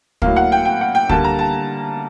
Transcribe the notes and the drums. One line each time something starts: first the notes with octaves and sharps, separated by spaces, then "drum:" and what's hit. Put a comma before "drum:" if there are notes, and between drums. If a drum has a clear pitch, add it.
A2 F#3 A#3 F5, drum: kick
F#5
G5
G5
F#5
G5
D3 G3 A#3 A5, drum: kick
A#5
A5